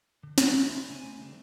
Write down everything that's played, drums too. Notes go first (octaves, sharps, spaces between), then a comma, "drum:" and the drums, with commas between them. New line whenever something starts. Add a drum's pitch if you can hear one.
D3
A3 A4, drum: snare
E5
C#2 E5 B5 C6
C#3 A3 G#5
D3 D#3 G3 A3 C4